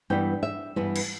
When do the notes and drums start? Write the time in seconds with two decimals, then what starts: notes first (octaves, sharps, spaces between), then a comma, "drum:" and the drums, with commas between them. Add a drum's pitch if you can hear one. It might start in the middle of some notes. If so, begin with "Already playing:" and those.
0.10 G2 E3 B3 E4 G5
0.43 E5
0.76 G2 E3 B3 E4
0.96 drum: cymbal